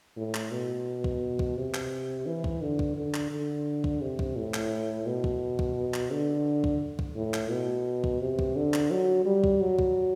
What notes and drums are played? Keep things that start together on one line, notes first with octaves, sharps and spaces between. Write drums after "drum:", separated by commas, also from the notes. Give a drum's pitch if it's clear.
A2
drum: clap
B2
drum: kick
drum: kick
C3
drum: clap
E3
drum: kick
D3
drum: kick
D3
drum: clap
D3
drum: kick
C3
drum: kick
A2
drum: clap
B2
drum: kick
drum: kick
drum: clap
D3
drum: kick
drum: kick
A2
drum: clap
B2
drum: kick
C3
drum: kick
D3
drum: clap
F#3
G3
drum: kick
F#3
drum: kick